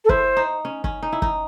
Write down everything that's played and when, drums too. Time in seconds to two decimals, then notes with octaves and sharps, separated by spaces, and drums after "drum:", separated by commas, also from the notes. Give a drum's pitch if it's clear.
0.05 A4
0.09 E4 C5, drum: kick
0.37 D#4
0.65 C#4
0.84 C#4, drum: kick
1.03 D#4
1.13 E4
1.22 D#4, drum: kick